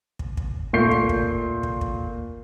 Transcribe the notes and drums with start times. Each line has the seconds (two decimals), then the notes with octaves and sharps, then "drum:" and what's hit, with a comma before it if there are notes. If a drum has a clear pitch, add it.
0.19 drum: kick
0.37 drum: kick
0.73 A#2 A3 C#6 G6 C7
0.91 drum: kick
1.09 drum: kick
1.63 drum: kick
1.81 drum: kick